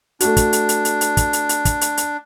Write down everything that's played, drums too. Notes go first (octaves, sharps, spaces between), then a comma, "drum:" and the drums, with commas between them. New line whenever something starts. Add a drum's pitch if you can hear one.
A3 D4 F#4, drum: hi-hat
drum: kick, hi-hat
drum: hi-hat
drum: hi-hat
drum: hi-hat
drum: hi-hat
drum: kick, hi-hat
drum: hi-hat
drum: hi-hat
drum: kick, hi-hat
drum: hi-hat
drum: hi-hat